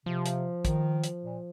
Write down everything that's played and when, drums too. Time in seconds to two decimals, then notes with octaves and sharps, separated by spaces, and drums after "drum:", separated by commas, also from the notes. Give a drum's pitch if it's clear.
0.06 C3 F3
0.26 drum: hi-hat
0.65 D#3, drum: kick, hi-hat
1.04 drum: hi-hat
1.23 A#2